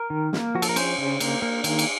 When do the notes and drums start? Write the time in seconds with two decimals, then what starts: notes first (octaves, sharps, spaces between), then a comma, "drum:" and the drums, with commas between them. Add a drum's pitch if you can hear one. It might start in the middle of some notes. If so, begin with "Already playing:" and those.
Already playing: A#4
0.10 D#3
0.33 A#3, drum: snare
0.55 F3 F#4
0.62 A4, drum: cymbal
0.69 A#4
0.76 C#4 C5, drum: cymbal
0.98 C#3
1.20 A#3, drum: cymbal
1.42 A#3
1.64 D#3, drum: cymbal
1.79 drum: cymbal